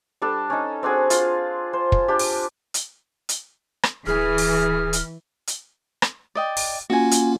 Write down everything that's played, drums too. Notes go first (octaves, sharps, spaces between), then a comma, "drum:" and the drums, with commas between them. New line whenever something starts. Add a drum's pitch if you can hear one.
G3 D4 A4
C#4 D#4
C4 D4 F#4 G#4
F4, drum: hi-hat
C5
drum: kick
D4 G4
drum: open hi-hat
drum: hi-hat
drum: hi-hat
drum: rim click
D1 E3 G#4 F6
drum: open hi-hat
drum: hi-hat
drum: hi-hat
drum: rim click
D5 D#5 G5
drum: open hi-hat
A#3 C#4 F4 F#4 G#5
drum: hi-hat